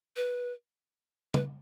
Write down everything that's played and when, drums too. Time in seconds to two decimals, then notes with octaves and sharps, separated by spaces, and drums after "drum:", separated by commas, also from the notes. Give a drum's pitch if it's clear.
0.16 B4
1.34 B4, drum: tom